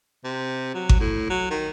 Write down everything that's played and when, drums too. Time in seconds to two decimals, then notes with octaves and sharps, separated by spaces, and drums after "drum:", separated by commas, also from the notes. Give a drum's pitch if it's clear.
0.24 C3
0.74 F#3
0.89 drum: kick G#1
1.00 A2
1.30 F#3
1.51 D#3